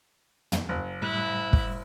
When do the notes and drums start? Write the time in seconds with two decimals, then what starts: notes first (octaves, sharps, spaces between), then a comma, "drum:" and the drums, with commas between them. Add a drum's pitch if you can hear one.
0.52 drum: tom
0.69 F#1
1.02 A2 G3 E4 F#6
1.53 drum: kick